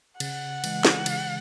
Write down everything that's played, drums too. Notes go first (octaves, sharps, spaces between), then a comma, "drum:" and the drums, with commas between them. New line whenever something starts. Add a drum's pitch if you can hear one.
C#3 F#5, drum: cymbal
E3 G#3, drum: cymbal
drum: snare
C#3, drum: cymbal